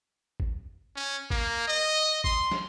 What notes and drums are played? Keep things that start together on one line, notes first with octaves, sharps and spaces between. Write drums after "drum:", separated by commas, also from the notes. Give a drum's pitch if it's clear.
drum: kick
C#4
A#3, drum: kick
D#5
C6, drum: kick
drum: snare